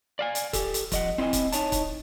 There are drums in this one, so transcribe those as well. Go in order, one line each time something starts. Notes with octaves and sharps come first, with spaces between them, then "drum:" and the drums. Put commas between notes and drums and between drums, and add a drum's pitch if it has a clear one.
D5 F5 G#5
drum: hi-hat
G4 A4, drum: kick C#1, hi-hat
drum: hi-hat
F2 D#5 F#5, drum: kick C#1, hi-hat
C4 E4 D5 D#5 G#5
drum: kick C#1, hi-hat
D#4 C#5 A5, drum: hi-hat
drum: kick C#1, hi-hat